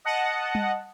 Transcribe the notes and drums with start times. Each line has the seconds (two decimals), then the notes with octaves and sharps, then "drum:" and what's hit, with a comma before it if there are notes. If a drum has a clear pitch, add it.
0.05 D#5 F#5 A5
0.55 drum: tom G3